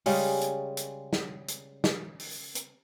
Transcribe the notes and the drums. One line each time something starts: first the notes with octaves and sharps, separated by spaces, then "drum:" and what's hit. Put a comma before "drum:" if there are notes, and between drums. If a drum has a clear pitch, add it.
C#3 G3 G#3 C#4, drum: open hi-hat
drum: hi-hat
drum: hi-hat
drum: snare
drum: hi-hat
drum: snare
drum: open hi-hat
drum: hi-hat